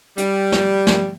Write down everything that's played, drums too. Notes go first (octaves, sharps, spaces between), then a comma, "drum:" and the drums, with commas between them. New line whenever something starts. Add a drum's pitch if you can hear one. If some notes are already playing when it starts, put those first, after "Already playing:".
G3, drum: hi-hat
drum: snare
drum: snare